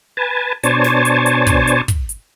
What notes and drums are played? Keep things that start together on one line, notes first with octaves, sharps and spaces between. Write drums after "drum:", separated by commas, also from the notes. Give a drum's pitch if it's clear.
B4 G#5 A5
B2 D4 C5 C#5 G#5 A5, drum: hi-hat
drum: snare
drum: hi-hat
drum: hi-hat
drum: kick, hi-hat
drum: hi-hat
drum: kick, hi-hat
drum: hi-hat